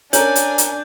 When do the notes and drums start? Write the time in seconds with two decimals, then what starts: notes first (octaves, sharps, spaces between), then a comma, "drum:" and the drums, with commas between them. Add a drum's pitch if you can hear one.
0.13 C#4 D4 A#4 G#5 G6 F#7, drum: hi-hat
0.36 drum: hi-hat
0.58 drum: hi-hat